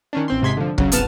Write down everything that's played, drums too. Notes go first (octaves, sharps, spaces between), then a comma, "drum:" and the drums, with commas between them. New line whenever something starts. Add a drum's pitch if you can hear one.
D#3 C#4 D4
A1 C4 C6
G#2 C3 G#3 C6 G#6 B6
D3 F3
C#3 F#3, drum: kick
G1 C2 B3 A5 F6 E7, drum: hi-hat